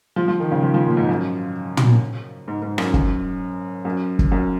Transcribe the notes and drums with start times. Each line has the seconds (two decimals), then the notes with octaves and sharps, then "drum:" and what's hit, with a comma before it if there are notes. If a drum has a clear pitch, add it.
0.16 F3
0.28 F3
0.40 D#3
0.52 C#3
0.63 F3
0.74 F3
0.86 A#2
0.97 G#2
1.09 F#2
1.77 drum: tom
2.48 G#2
2.62 G#2
2.78 F#2, drum: rim click
2.94 F#2, drum: kick
3.85 F#2
4.19 drum: kick
4.32 F#2